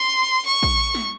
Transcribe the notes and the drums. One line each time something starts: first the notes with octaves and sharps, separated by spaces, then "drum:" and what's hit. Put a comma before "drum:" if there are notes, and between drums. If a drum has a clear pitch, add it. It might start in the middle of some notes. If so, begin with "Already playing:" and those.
Already playing: C6
C#6
drum: kick
drum: snare